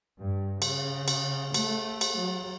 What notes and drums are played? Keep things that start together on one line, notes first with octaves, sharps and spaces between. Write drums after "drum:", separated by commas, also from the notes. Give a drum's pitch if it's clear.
G2
C#3, drum: cymbal
drum: cymbal
A3, drum: cymbal
drum: cymbal
F#3